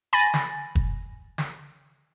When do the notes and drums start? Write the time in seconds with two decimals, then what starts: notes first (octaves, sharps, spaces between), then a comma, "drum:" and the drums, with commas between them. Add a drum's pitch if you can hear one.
0.13 G#5 B5 A6 A#6
0.34 drum: snare
0.75 drum: kick
1.38 drum: snare